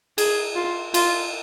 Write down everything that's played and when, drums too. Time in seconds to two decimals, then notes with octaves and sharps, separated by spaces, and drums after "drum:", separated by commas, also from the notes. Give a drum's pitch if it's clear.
0.18 G#4, drum: cymbal
0.56 F4
0.94 F4, drum: cymbal